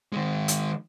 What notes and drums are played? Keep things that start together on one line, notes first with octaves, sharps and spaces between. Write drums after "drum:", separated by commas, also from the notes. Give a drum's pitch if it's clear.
D#3 G#3
drum: hi-hat